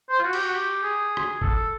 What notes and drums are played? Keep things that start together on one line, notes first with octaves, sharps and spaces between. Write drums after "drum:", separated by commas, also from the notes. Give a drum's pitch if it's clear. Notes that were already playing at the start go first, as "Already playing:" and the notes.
C5
F4
F#4
G4, drum: cymbal
F#4
G4
G#4
drum: rim click
A4, drum: kick G1